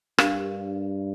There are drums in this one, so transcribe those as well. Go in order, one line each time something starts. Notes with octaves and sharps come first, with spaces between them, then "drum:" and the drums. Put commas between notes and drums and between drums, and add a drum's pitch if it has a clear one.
G2 D4 G4 A#4 F5, drum: rim click